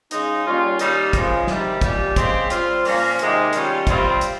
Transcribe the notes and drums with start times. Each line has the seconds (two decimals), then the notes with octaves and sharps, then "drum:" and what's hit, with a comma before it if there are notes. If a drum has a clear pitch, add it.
0.11 C#3 G#3 D#4, drum: hi-hat
0.45 G3 A#3 C#4 F4
0.79 D#3 G3 A#3 D#4, drum: hi-hat
1.13 C#3 F3 G#3, drum: kick, hi-hat
1.47 C3 D#3 G3, drum: snare
1.81 A#2 G3 C#4, drum: kick, hi-hat
2.16 C#3 G#3 C4 G4, drum: kick, hi-hat
2.50 G3 C4 F4, drum: hi-hat
2.85 A#2 F3 A#3 C#4, drum: open hi-hat
3.19 C3 D#3 G#3 D#4, drum: hi-hat
3.53 D#3 G3 C#4 F4, drum: hi-hat
3.87 C3 G3 C4 F4, drum: kick, hi-hat
4.21 drum: hi-hat